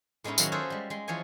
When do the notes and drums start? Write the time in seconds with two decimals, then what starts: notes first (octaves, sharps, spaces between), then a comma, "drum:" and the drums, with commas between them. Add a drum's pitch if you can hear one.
0.24 A2 G#3 B3 C#4 D#4 E4
0.38 D#3 F#3 A#3 C#5 E5 F5, drum: tambourine
0.52 F4 F#4 G#4 A4 C5 E5
0.70 G3 G#3
0.90 G#3 C6
1.08 E3 F3 G#4 C#5 G#5